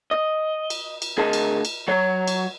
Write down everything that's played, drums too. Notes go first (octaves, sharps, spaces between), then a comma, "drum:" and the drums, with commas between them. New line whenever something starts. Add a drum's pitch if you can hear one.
D#5
drum: cymbal
drum: cymbal
D2 G#4 A#4 D#5 A5
drum: cymbal
drum: cymbal
F#3 C#5
drum: cymbal